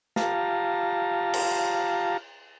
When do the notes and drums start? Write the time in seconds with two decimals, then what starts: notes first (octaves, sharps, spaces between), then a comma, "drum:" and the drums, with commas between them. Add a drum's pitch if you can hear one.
0.16 F4 G4 F5 A5 A#5, drum: snare
1.34 drum: cymbal